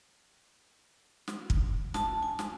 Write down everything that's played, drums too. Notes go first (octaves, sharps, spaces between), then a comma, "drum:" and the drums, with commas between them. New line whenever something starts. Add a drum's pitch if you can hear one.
drum: snare
drum: kick
A5, drum: snare
G#5
drum: snare